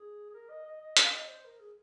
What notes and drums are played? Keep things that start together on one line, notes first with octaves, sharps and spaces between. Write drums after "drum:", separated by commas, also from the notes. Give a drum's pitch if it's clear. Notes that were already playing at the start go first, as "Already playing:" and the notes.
Already playing: G#4
G#4
A#4
D#5
D#5
D#5
F5, drum: hi-hat
D#5
C5
A#4
G#4